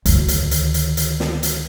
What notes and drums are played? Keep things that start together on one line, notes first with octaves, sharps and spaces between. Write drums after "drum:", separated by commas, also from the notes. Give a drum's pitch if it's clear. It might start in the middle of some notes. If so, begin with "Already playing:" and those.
D2 D#3, drum: hi-hat
drum: hi-hat
drum: hi-hat
drum: hi-hat
drum: hi-hat
drum: snare
drum: hi-hat